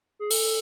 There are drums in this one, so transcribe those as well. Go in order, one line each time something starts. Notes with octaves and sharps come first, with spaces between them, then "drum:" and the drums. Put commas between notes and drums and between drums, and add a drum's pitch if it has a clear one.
G#4
A4, drum: open hi-hat